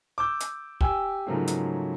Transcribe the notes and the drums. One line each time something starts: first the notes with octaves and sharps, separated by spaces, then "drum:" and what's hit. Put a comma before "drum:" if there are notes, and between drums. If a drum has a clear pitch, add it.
D6 E6 G6
drum: hi-hat
G4 G5 G#5 E6, drum: kick
G#2 C#3 F3 F#3 A3 A#3
drum: hi-hat